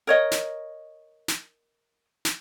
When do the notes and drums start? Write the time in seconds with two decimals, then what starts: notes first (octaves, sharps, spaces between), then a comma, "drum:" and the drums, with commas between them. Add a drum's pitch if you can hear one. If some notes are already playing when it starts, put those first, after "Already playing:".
0.07 A#4 C#5 D#5
0.31 drum: snare
1.28 drum: snare
2.25 drum: snare